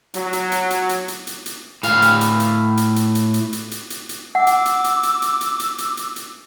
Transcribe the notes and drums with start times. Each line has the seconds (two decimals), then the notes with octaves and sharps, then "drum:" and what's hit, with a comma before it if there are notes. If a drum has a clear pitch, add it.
0.14 F#3, drum: hi-hat
0.33 drum: hi-hat
0.52 drum: hi-hat
0.70 drum: hi-hat
0.89 drum: hi-hat
1.08 drum: hi-hat
1.27 drum: hi-hat
1.46 drum: hi-hat
1.83 A2 F5, drum: hi-hat
2.02 drum: hi-hat
2.21 drum: hi-hat
2.40 drum: hi-hat
2.77 drum: hi-hat
2.96 drum: hi-hat
3.15 drum: hi-hat
3.34 drum: hi-hat
3.53 drum: hi-hat
3.71 drum: hi-hat
3.90 drum: hi-hat
4.09 drum: hi-hat
4.35 F#5 D6 E6
4.47 drum: hi-hat
4.65 drum: hi-hat
4.84 drum: hi-hat
5.03 drum: hi-hat
5.22 drum: hi-hat
5.41 drum: hi-hat
5.60 drum: hi-hat
5.78 drum: hi-hat
5.97 drum: hi-hat
6.16 drum: hi-hat